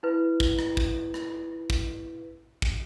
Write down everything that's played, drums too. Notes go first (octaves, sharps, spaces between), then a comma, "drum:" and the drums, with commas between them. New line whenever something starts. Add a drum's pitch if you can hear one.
E4 B4
drum: kick
drum: rim click
drum: kick
drum: rim click
drum: kick
drum: kick